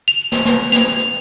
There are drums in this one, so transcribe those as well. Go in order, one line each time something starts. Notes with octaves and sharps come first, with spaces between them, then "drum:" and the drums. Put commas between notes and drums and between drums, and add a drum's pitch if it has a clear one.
F7
drum: snare
drum: snare
F7, drum: snare
drum: hi-hat